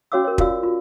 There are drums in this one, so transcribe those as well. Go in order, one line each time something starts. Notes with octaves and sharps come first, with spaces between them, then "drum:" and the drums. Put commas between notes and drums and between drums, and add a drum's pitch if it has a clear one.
C#4 F#4 C#5 F5 D6 E6
A#4 C#5
F4 F#4 D5 F5 E6, drum: kick
F4